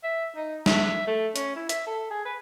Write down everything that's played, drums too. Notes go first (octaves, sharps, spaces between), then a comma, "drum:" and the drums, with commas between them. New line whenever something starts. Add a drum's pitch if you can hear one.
E5
D#4
E5, drum: snare
A3
C#4, drum: hi-hat
E4
E5, drum: hi-hat
A4
G#4
B4